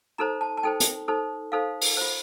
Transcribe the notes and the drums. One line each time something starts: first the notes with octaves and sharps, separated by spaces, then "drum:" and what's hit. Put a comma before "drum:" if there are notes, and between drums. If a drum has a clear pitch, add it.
D#4 A4 C5 A#5
A5
A5
D#4 A4 C5 G5
drum: hi-hat
D#4 A4 C5
D#4 A4 C5 F5
drum: open hi-hat
F4 C5